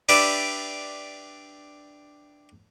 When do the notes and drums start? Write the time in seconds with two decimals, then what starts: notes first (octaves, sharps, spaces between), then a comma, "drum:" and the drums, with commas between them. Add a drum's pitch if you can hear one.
0.09 D4 G4 B4 D5 E5, drum: cymbal